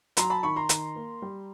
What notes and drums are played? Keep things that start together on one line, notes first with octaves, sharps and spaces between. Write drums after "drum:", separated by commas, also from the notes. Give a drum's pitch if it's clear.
F#3 A#5 C6, drum: hi-hat
A5 B5
D#3 B5 C#6
A#5 C6
D#3, drum: hi-hat
A#3
G3